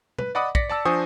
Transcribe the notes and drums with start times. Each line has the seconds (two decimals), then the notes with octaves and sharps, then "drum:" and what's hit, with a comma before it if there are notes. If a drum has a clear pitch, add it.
0.18 B4, drum: tom
0.35 D5 D#5 F#5 B5 D6 D#6
0.55 D5 A#6 B6 C#7, drum: kick
0.69 D5 A5 E6
0.85 F3 D4 C5 G#5 C#6 D#6